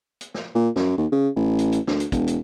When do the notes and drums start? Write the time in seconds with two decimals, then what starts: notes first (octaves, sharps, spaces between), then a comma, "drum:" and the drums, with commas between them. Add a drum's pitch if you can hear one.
0.21 drum: hi-hat
0.34 drum: snare
0.55 A#2
0.76 F#2, drum: snare
0.98 D#2
1.12 C#3
1.36 A1
1.59 drum: hi-hat
1.72 drum: hi-hat
1.87 D2, drum: snare
2.00 drum: hi-hat
2.12 E1, drum: kick, hi-hat
2.27 drum: hi-hat